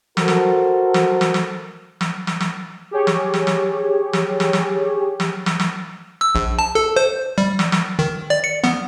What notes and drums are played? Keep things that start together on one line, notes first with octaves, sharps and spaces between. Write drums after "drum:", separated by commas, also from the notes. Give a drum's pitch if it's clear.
F#4 A4 A#4 C5, drum: snare
drum: snare
drum: snare
drum: snare
drum: snare
drum: snare
drum: snare
drum: snare
G4 G#4 C#5
drum: snare
drum: snare
drum: snare
drum: snare
drum: snare
drum: snare
drum: snare
drum: snare
drum: snare
E6
A#1
A5
A4
C5
G3
drum: snare
drum: snare
D#3
D5
C#7
B3, drum: snare